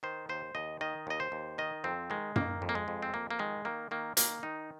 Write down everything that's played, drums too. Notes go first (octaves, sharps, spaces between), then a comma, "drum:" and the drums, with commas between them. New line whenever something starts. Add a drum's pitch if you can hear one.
D#3 C5
D#2 C5
D#2 D#5
D#3 D#5
D#2 D#5
C5
D#2
D#3 D#5
F2 C4
D#3 G#3
D#3 A#3, drum: tom F#2
F2
A#3
G#3
F2
C4
F2 A#3
A#3
D#3 G#3
D#3 A#3
D#3 A#3
D#3 A#3, drum: hi-hat
D#3 D#4